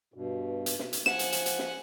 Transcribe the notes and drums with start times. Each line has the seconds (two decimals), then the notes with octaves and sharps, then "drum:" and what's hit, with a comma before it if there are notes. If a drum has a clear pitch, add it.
0.14 G2 B2
0.66 drum: hi-hat
0.79 drum: snare
0.93 drum: hi-hat
1.06 F3 F#5 G#5 E7, drum: snare
1.19 drum: hi-hat
1.32 drum: hi-hat
1.46 drum: hi-hat
1.59 drum: snare